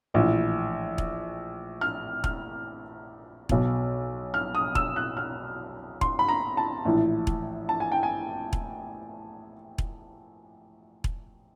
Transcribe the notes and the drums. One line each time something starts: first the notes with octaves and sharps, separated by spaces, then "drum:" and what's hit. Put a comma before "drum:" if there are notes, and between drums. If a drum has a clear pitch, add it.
A#1 A2 E3
drum: kick E1
F6
F6, drum: kick E1
B1 B2, drum: kick E1
F6
D#6
E6, drum: kick E1
F#6
F6
C6, drum: kick E1
B5
A#5
A5
A#1 A2 E3
drum: kick E1
A5
G#5
G5
G#5
drum: kick E1
drum: kick E1
drum: kick E1